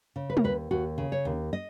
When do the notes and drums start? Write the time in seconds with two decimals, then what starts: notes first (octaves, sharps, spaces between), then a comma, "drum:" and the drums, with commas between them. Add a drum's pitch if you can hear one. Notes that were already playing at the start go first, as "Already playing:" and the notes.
0.16 C#3
0.30 B4
0.37 A#4, drum: tom
0.44 D#2 B4
0.71 D#2 F#4
0.98 C#3
1.12 C#5
1.25 D#2
1.53 D#5